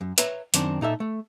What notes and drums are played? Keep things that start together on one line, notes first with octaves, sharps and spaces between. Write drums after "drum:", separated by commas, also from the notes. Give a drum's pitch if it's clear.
F#2
B4 C#5 E5 A#5, drum: hi-hat
F#2 D#3 C4 D4, drum: hi-hat
A#2 D#4 A4 E5
A3